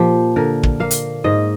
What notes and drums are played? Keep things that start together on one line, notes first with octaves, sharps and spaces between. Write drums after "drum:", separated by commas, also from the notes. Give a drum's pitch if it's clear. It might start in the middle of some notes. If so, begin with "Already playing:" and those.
Already playing: A#2 F3 G4
D3 A#4
drum: kick
A#3 F5
drum: hi-hat
G#2 D#5